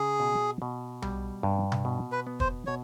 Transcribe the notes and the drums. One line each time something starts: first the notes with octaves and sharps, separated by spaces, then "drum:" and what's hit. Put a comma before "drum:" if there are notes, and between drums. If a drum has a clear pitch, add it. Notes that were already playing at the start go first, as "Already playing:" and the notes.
Already playing: C#3 G#4
B2
B2
G3, drum: tom B1
G2
drum: tom B2
B2
B4
B3
C5, drum: kick
B2 C#5